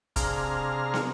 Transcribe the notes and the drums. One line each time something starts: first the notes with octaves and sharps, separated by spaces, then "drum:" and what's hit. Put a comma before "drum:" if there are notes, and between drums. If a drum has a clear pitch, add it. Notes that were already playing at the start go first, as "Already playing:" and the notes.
C3 D4 G#4 F5 A#5 F6, drum: kick, hi-hat
drum: snare